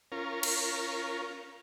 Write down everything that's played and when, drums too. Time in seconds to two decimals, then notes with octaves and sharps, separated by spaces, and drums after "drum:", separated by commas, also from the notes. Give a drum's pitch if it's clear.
0.12 C#4 F4 A#4
0.43 drum: cymbal